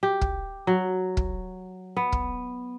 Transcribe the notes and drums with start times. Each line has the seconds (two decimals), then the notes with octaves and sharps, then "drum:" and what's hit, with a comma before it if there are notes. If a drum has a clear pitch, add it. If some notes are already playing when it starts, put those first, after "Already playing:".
0.03 G4
0.21 drum: kick
0.67 F#3
1.17 drum: kick
1.97 B3
2.12 drum: kick